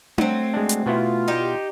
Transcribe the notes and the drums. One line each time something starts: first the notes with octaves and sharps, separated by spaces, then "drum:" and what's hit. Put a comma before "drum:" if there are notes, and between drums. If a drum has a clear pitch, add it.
F#3 A3 C4, drum: tom D4
G#3 D4
drum: hi-hat
B2 B3 E4 F4
D#4 G4